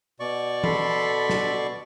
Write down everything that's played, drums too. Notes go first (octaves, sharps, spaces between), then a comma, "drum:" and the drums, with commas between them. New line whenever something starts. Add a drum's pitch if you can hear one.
B2 D5 C#6
A4 B5 C6, drum: tom E3
drum: snare